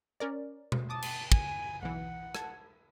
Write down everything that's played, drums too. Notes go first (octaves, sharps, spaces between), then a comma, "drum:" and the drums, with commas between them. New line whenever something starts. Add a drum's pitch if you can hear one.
C#4 A#4 D5
drum: tom B2
A5 D6 D#6
drum: cymbal
G#5, drum: kick
B1 E3 F#5
A5 G#6, drum: rim click